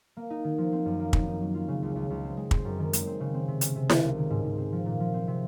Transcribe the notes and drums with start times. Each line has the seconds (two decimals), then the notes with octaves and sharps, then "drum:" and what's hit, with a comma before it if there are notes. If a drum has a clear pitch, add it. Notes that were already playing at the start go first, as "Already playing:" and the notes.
0.17 A#3
0.30 D#4
0.44 D#3
0.58 F3
0.72 C4
0.86 F#2
1.00 A#3
1.13 D#4, drum: kick
1.27 D#4
1.41 F#3
1.54 F4
1.68 C#3
1.82 C#2
1.96 C#2
2.10 C#2
2.24 C4
2.37 G#3
2.51 C4, drum: kick
2.65 F#2
2.78 D#3
2.93 G#3, drum: hi-hat
3.07 C4
3.20 C#3
3.34 C4
3.48 C3
3.61 C#4, drum: hi-hat
3.76 C3
3.90 D#3, drum: snare E4
4.04 C#2
4.17 D#3
4.30 G#2
4.44 G#2
4.58 C4
4.72 F3
4.86 A#2
5.00 F3
5.14 C4
5.28 C3